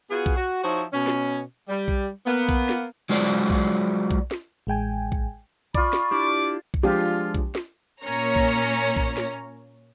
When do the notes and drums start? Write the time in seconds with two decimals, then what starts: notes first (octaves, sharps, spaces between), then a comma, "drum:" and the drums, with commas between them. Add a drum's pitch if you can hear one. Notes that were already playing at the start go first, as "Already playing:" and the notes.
0.10 B3 F4 F#4 G#4
0.26 drum: kick B1
0.36 F#4
0.64 F3 D#4 E4 F#4 C5 C#5
0.93 B2 C#4
1.07 drum: snare
1.69 G3
1.88 drum: kick B1
2.26 A#3 B3
2.49 drum: kick B1
2.69 drum: snare
3.09 F#3 G#3 F4 G#4 C5 D5
3.50 drum: kick B1
4.11 drum: kick B1
4.31 drum: snare
4.67 A1 G#3 G5 G#5
5.12 drum: kick B1
5.75 F4 D5 B5 C#6, drum: kick B1
5.93 drum: snare
6.11 D4 E4 G4 D6
6.74 drum: kick B1
6.83 F3 G#3 D4 F4 G4
7.35 drum: kick B1
7.55 drum: snare
8.03 A#2 A#3 C#4 C#5 A#5
8.36 drum: kick B1
8.97 drum: kick B1
9.17 drum: snare